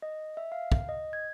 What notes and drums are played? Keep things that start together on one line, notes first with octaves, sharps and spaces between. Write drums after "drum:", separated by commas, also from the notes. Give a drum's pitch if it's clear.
D#5
E5
F5
drum: kick
D#5
G#6